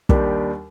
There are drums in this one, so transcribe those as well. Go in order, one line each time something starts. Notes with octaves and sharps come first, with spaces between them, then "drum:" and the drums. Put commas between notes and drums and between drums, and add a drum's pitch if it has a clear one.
D#2 D#3 G3 D4 G4, drum: kick